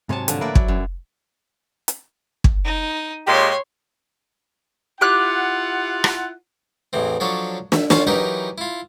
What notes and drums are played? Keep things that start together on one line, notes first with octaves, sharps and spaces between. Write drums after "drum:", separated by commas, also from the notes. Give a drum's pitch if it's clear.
G#2 C3 F#3 C#5 G#5 A5
D3 F3, drum: hi-hat
A2 A#3 E4 A#4 B4 D5
F#3, drum: kick
F#2
drum: hi-hat
drum: kick
D#4
A#2 G#3 G4 C#5 C6
E4 F4 G4 F#5 F#6
drum: rim click
A1 E2 E3 C4
F3 F#3 D4 A4 C#5
E5, drum: snare
C#4 F4 C#5 F5 A5, drum: snare
E3 F#3 D#4 G4 A#4 B4
E4 F4